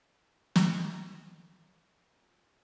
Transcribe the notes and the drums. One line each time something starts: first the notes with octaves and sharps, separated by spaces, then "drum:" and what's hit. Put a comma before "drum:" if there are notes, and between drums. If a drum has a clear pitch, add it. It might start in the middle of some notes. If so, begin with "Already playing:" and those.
drum: snare
E4 B4 C5
A3 C4
F3 G#3 B3 F4 G#5 A#5